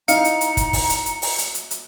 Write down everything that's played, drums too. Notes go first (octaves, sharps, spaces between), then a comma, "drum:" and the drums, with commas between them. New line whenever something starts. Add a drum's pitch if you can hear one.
D#4 E4 F5 A#5 C#7, drum: hi-hat
drum: hi-hat
drum: hi-hat
drum: kick, hi-hat
drum: kick, open hi-hat
drum: hi-hat
drum: hi-hat
drum: open hi-hat
drum: hi-hat
drum: hi-hat
drum: hi-hat